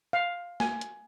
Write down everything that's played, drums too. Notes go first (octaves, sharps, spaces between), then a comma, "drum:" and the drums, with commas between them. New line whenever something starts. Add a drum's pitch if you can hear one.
F5
G#5, drum: snare
drum: hi-hat